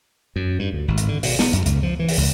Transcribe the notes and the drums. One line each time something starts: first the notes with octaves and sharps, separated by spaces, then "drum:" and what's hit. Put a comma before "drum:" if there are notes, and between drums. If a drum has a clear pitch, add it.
F#2
G2
D2
G#1
drum: hi-hat
D3
B2, drum: open hi-hat
B3, drum: snare
F#2, drum: hi-hat
C#2, drum: hi-hat
F3
E3
drum: open hi-hat
C#2